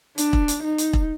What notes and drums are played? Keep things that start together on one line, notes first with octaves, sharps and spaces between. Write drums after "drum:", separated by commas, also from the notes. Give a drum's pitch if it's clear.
D4, drum: hi-hat
drum: kick E1
drum: hi-hat
D#4
drum: hi-hat
drum: kick E1